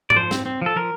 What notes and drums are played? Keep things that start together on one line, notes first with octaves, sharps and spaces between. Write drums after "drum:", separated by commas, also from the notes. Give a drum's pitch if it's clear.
D5, drum: tom G#2
F3 C5
C4, drum: snare
C4
F3 A4
F3 A#4